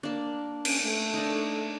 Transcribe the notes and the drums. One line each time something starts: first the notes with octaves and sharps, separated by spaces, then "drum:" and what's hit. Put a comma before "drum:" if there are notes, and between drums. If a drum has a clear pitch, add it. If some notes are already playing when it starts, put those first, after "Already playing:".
A#3 D4
C#4, drum: cymbal
A3
D4 D#4